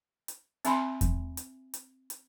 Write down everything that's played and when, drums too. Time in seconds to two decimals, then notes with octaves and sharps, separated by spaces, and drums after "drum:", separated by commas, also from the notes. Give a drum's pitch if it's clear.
0.28 drum: hi-hat
0.65 C4 E5 G#5 B5 C6, drum: hi-hat
1.01 drum: kick E2, hi-hat
1.37 drum: hi-hat
1.74 drum: hi-hat
2.10 drum: hi-hat